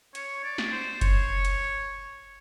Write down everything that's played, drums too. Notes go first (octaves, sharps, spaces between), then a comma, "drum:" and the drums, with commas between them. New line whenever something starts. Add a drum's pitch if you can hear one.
C#5, drum: hi-hat
D5
drum: snare
C5
C#5, drum: kick F#1, hi-hat
drum: hi-hat